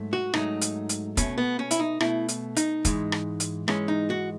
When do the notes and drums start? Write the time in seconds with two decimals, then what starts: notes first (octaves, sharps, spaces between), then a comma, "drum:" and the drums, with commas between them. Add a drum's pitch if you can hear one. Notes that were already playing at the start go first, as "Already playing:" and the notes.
Already playing: G#2 F#3 A3
0.13 F#4
0.34 G#2 F#3 A3 D#4, drum: rim click
0.62 drum: hi-hat
0.89 drum: hi-hat
1.17 B2 A3 C#4, drum: kick, hi-hat
1.38 B3
1.59 C#4
1.71 E4, drum: hi-hat
1.80 D#4
2.00 B2 A3 E4, drum: rim click
2.29 drum: hi-hat
2.57 D#4, drum: hi-hat
2.85 G#2 E3 G#3, drum: kick, hi-hat
3.12 drum: rim click
3.40 drum: hi-hat
3.68 G#2 E3 G#3 C#4, drum: rim click
3.88 D#4
4.10 F#4